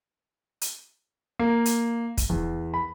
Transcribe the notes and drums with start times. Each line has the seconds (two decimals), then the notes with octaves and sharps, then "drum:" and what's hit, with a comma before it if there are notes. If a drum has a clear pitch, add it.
0.61 drum: hi-hat
1.39 A#3
1.66 drum: hi-hat
2.18 drum: kick, hi-hat
2.29 E2
2.74 B5